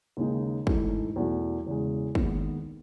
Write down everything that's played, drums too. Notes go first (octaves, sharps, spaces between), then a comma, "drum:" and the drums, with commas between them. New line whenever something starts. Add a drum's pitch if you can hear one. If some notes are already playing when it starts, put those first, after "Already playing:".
D#2 C#3 G#3 D#4
G#2 E3 A3 D#4, drum: kick
E2 B2 F#3 A3
E2 C#3 G#3
D#2 D#3 G#3 B3, drum: kick